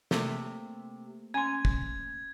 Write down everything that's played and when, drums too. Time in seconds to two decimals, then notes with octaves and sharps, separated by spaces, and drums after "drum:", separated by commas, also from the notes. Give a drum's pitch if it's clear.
0.11 C3 A3 A#3 C5, drum: snare
1.34 C#4 G#5 C6 G#6
1.65 drum: kick